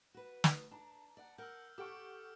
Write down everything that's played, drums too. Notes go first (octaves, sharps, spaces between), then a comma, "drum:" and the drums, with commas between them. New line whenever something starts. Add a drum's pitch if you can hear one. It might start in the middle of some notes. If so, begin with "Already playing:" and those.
F#4 B4
drum: snare
D4 A5 A#5
D5 F#5
A#4 F#5 E6 F6 G6
G4 A4 F#5 C#6 D6 F6 D7